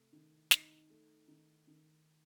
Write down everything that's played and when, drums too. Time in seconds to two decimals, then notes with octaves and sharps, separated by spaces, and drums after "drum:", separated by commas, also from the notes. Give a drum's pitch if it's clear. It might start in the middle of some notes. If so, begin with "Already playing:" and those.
Already playing: C3 A3
0.13 D#3
0.51 D#4, drum: snare
0.90 A3
1.28 D#3
1.67 D#3